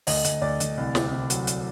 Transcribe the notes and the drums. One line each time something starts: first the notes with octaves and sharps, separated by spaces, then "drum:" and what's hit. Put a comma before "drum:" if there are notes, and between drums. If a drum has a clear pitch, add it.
D2 D#5, drum: open hi-hat
D2, drum: hi-hat
D2 D5
D2, drum: hi-hat
C2
C3, drum: snare
C3
F#3, drum: hi-hat
drum: hi-hat